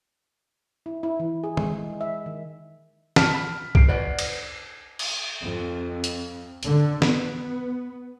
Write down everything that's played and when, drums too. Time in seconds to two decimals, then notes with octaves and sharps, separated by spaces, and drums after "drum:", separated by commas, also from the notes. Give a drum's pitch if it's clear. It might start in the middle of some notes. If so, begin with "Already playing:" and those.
0.86 E4
1.03 E4
1.20 E3
1.44 G#4
1.57 G#3, drum: tom
2.01 E5
2.26 D#3
3.16 A5 F6 B6, drum: snare
3.35 B5
3.75 C7 D7, drum: kick
3.89 B4 D5 F#5
4.19 drum: cymbal
4.99 drum: cymbal
5.42 F2
6.04 drum: hi-hat
6.63 D3, drum: hi-hat
7.02 B3, drum: snare